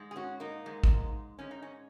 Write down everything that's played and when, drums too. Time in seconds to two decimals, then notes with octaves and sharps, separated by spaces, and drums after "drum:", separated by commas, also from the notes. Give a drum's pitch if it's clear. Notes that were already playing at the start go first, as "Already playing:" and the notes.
Already playing: G#2 G#3
0.11 G#4
0.16 C#4 F#4
0.40 A#3 D#4
0.66 G#2 G#3
0.84 drum: kick
1.39 G#2 G#3 C#4
1.51 D#4
1.62 C#4